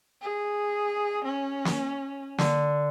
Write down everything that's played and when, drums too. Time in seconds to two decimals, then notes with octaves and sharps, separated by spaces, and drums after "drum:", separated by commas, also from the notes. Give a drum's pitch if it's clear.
0.22 G#4
1.25 C#4
1.65 drum: snare
2.38 D3, drum: snare